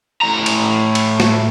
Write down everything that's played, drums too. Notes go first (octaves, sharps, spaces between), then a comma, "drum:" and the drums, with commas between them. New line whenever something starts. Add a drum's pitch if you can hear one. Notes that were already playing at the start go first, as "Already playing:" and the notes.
A2 A#5
drum: cymbal
drum: cymbal
drum: snare A3